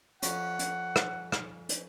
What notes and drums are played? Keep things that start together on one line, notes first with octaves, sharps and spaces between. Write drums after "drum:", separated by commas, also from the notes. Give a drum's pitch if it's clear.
F2 C#4 F#5, drum: hi-hat
drum: hi-hat
drum: rim click
drum: rim click
drum: hi-hat